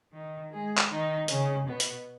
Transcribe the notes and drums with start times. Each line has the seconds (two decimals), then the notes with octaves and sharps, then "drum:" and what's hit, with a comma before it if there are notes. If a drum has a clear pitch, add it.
0.13 D#3 D#4
0.51 G#3 G#4
0.77 drum: clap
0.90 D#3 D#4
1.28 C#3 C#4, drum: hi-hat
1.67 B2 B3
1.80 drum: hi-hat